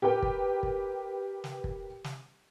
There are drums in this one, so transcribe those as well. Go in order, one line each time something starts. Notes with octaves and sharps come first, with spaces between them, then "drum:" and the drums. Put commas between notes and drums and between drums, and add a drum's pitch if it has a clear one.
G4 A#4 B4 G5
drum: kick
drum: kick
drum: snare
drum: kick
drum: snare